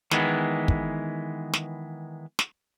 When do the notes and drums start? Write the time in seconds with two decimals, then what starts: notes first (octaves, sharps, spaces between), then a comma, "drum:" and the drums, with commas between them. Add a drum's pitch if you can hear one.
0.11 D#3 E3 G#3 B3, drum: snare
0.68 drum: kick
1.53 drum: snare
2.39 drum: snare